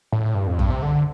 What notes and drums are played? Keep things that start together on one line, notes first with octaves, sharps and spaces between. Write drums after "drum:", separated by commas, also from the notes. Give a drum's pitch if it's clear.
A2
G2
F2
G2, drum: kick
C3
D3